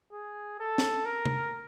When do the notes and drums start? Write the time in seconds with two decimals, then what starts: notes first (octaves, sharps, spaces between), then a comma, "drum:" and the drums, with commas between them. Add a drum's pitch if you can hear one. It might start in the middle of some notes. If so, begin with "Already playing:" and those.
0.12 G#4
0.60 A4
0.78 drum: snare
1.05 A#4
1.26 drum: tom C3